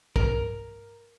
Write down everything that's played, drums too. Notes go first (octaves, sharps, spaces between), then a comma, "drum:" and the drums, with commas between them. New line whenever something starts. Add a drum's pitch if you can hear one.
A#4, drum: kick